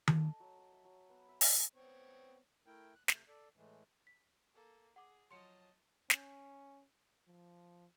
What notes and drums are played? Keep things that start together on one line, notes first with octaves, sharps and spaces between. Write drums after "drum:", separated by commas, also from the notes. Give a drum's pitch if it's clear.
A4, drum: tom D#3
D#5
F#3
D#5
E5
F#3
B3
E5
drum: open hi-hat
B3 C4 C#5
A3 E4 A#4 G5
F#6
C3 A3, drum: snare
A4 D5
A2 E3 G#3 A3
B6
A#3 A4
G#4 F#5 D6
F3 F#3 D#5 A5 C6 C#7
C#4, drum: snare
F3